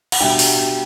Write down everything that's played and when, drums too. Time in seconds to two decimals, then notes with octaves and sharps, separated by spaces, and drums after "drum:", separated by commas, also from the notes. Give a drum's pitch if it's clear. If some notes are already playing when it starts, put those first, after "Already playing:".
0.12 F#5, drum: cymbal
0.20 B2 G3 D4 E5 G5
0.39 drum: open hi-hat